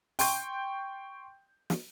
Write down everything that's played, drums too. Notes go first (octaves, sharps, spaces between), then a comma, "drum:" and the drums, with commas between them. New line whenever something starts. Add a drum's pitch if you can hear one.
G5 C6 C#6 G6, drum: open hi-hat
drum: snare